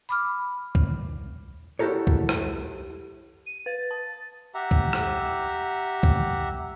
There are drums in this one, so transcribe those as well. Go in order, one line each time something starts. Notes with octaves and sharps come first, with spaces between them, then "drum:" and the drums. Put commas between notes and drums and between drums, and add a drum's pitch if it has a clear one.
B5 D6 F6
drum: kick C2
E4 F#4 G4 A4 A#4 C#5
drum: kick C2
drum: rim click
D#7
B4 A6
A5
G4 E5 F#5 A#5
drum: kick C2
drum: rim click
drum: kick C2